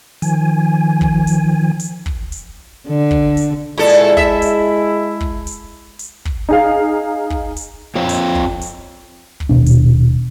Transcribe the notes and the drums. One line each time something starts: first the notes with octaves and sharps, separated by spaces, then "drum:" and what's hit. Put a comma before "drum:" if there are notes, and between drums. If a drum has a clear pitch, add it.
D#3 F3 G#5, drum: hi-hat
drum: kick
drum: hi-hat
drum: hi-hat
drum: kick
drum: hi-hat
D3
drum: kick
drum: hi-hat
A#2 G#3 E4 A4
drum: hi-hat
E5, drum: kick
drum: hi-hat
drum: kick
drum: hi-hat
drum: hi-hat
drum: kick
D#4 G#4 F5
drum: kick
drum: hi-hat
F2 F3 C4 C#5
drum: hi-hat
drum: kick
drum: hi-hat
drum: kick
D#1 G#1 B2 D4
drum: hi-hat